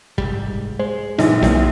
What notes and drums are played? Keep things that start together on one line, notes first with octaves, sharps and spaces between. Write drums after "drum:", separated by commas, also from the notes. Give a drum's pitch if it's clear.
C2 G#2 G3, drum: kick
G#3 C5
A#1 A#2 E3 D#4, drum: snare
B1 F#3 A#3 C4, drum: snare